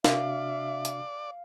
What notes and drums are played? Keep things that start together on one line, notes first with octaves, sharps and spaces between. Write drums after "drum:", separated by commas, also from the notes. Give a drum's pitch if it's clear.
C3 D4 F#4 D5 E5 F5, drum: snare
drum: hi-hat